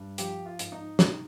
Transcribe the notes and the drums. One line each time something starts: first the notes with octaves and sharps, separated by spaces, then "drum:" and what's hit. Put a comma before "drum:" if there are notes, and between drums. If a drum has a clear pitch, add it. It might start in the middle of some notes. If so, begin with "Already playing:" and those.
Already playing: G2
F3 G4, drum: hi-hat
F4
G#2, drum: hi-hat
D#4
C3 D#4, drum: snare